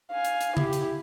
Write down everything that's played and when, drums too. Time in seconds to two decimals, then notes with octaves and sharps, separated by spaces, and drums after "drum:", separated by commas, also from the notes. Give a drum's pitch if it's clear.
0.12 F5 G#5
0.25 drum: hi-hat
0.41 drum: hi-hat
0.57 E4 G4, drum: tom C#3
0.73 drum: hi-hat